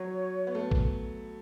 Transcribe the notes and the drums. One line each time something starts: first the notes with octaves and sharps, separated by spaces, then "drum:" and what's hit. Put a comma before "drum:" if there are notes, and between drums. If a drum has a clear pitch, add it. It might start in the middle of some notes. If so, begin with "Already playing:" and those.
Already playing: F#3 C#5
B3
A3
drum: kick A1